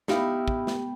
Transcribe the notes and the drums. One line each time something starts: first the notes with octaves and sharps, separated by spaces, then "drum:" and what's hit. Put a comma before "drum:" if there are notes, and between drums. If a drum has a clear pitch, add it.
B3 D#4 E4 G4 F5 G5, drum: snare
drum: kick
drum: snare